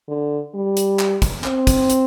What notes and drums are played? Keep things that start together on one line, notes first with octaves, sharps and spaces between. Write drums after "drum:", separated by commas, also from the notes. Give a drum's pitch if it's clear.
D3
G3
drum: hi-hat
drum: clap
drum: kick, hi-hat
C4, drum: clap
drum: kick, hi-hat
drum: hi-hat